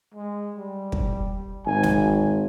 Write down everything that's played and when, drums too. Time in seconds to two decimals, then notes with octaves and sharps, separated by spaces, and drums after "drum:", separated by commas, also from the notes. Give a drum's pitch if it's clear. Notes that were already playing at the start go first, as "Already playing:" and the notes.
0.14 G#3
0.56 G3
0.92 drum: kick
1.66 G#1 G#5
1.83 drum: snare